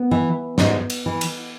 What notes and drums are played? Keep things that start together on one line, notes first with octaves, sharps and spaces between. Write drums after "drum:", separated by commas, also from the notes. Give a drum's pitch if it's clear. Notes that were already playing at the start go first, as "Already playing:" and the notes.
Already playing: B3
E3
G#2, drum: snare
drum: cymbal
E3
drum: cymbal